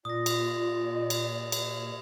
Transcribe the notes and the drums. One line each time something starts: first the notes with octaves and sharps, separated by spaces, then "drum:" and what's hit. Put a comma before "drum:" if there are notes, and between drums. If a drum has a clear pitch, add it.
A#2 F4 D5 D#6 A#6
drum: cymbal
drum: cymbal
drum: cymbal